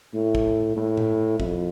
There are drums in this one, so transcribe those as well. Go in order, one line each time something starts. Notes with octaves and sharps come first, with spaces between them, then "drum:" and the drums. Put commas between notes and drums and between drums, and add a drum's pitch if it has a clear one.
A2
drum: kick
A2
drum: tom A2
F2, drum: kick